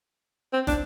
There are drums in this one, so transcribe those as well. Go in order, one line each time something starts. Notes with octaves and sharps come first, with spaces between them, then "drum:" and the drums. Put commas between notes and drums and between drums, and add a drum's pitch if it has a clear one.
C4
D4, drum: snare